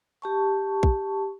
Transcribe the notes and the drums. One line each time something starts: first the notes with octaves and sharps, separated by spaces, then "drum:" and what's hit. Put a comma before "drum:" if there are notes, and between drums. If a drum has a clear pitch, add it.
G4 A5 C#6
drum: kick